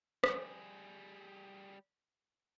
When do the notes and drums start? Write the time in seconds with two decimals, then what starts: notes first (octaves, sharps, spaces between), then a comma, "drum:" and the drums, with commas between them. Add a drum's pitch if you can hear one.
0.24 G3 G#4, drum: rim click